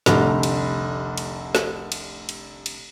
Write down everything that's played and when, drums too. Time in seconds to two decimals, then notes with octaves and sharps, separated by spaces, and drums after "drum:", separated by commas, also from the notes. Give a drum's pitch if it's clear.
0.06 F1 C2 A2 D3, drum: snare
0.43 drum: cymbal
1.18 drum: cymbal
1.55 drum: snare
1.92 drum: cymbal
2.29 drum: cymbal
2.66 drum: cymbal